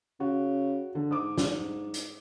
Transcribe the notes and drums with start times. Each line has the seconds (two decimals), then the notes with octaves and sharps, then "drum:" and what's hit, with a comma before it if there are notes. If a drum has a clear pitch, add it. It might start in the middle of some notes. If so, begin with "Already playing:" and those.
0.20 C#3 F#4
0.95 D3
1.11 G#2 D6 D#6
1.38 drum: snare
1.94 drum: hi-hat